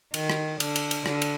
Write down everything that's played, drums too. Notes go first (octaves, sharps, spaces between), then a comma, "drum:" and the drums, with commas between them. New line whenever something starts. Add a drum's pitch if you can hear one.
D#3, drum: cymbal
drum: rim click
D3, drum: cymbal
drum: cymbal
drum: cymbal
D3, drum: rim click
drum: cymbal